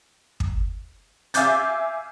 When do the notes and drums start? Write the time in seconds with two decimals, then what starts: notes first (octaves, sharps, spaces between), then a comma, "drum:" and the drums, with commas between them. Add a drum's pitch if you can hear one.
0.40 drum: kick
1.34 E5 F5 G#5 D6 G6 A6, drum: hi-hat